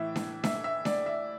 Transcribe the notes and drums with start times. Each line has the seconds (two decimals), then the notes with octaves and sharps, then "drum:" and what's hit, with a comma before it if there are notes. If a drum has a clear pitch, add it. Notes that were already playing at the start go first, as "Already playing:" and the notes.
Already playing: A2 E3 E5
0.16 drum: snare D4
0.44 E5, drum: snare D4
0.64 E5
0.85 D5, drum: snare D4
1.06 E5